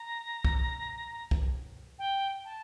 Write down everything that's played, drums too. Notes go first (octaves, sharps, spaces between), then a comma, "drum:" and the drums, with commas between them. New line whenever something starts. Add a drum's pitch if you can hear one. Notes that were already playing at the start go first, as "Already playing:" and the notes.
Already playing: A#5
drum: kick
drum: kick
G5
A5